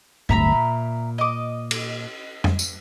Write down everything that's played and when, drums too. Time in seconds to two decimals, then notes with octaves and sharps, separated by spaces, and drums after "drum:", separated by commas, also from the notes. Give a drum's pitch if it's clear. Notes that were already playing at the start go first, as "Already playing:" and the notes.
0.29 D1 G1 D2 E5 A#5 B5
0.52 A#2
1.18 D#5 D6
1.71 drum: cymbal
2.44 drum: tom F2
2.59 drum: tambourine